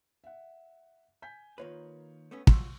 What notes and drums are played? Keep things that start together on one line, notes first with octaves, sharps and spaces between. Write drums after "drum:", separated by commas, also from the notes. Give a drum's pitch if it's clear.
E5 F#5
G#5 G6 B6
D#3 A#3 F4 B4 C#5
A3 B3 C#4
G2 F#3 F4 C6 C#6 E6, drum: kick